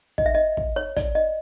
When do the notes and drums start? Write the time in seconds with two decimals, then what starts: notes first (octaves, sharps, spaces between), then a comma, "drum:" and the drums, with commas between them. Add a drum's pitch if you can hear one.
0.18 D#5, drum: kick
0.26 E5
0.35 D#5
0.57 drum: kick
0.76 C#5
0.97 D5, drum: kick, hi-hat
1.15 D#5